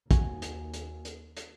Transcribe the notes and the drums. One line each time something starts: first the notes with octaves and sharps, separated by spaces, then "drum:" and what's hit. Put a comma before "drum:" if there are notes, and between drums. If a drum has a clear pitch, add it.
D#2 F#4 G#5, drum: kick, hi-hat
drum: hi-hat
drum: hi-hat
drum: hi-hat
drum: hi-hat